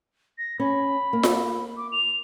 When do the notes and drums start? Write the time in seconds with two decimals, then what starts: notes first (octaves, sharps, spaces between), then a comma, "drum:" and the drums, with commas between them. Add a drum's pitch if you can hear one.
0.38 A#6
0.59 C#4 B5
1.13 A#3
1.23 drum: snare F4
1.77 D6
1.92 F7